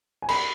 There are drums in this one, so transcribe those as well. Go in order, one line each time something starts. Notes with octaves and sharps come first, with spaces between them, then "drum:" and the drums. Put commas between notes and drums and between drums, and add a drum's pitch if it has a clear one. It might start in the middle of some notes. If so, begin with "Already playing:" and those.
G#5
B5, drum: cymbal